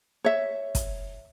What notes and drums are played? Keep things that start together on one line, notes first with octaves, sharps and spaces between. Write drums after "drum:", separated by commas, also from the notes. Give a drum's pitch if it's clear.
C#5 E5
drum: kick, hi-hat